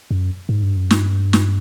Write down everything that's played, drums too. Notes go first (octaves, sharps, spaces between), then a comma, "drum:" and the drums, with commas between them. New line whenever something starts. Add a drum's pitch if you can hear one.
F#2
G#2
G2
F#2
G2, drum: snare
drum: snare